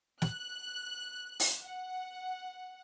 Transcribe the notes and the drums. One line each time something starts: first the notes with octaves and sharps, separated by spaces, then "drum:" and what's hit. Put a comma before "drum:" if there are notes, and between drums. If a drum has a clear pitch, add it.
F#6, drum: snare
drum: open hi-hat
F#5